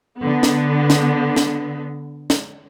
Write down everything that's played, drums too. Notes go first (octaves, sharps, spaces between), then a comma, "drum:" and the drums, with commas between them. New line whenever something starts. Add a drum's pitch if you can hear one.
D3 B3
drum: snare
drum: snare
drum: snare
drum: snare